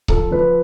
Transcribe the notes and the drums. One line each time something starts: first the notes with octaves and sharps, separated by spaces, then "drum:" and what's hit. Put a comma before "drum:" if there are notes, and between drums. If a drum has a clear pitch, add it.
F3 A4, drum: kick C#1
F3 B4